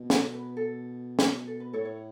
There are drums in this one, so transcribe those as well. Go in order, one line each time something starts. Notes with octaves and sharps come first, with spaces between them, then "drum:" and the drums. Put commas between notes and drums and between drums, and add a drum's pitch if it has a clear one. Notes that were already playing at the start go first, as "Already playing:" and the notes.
Already playing: B2
A4 C#5, drum: snare
B4
A4
drum: snare
A4
B4
A2 A4 C#5
C#5